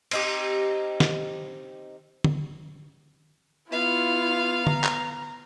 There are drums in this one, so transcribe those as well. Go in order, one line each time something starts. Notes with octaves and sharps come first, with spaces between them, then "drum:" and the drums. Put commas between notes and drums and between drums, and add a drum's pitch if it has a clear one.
C4 D#4 G4, drum: cymbal
drum: snare
drum: tom
B3 E4 F4 F5
A#5, drum: tom
drum: clap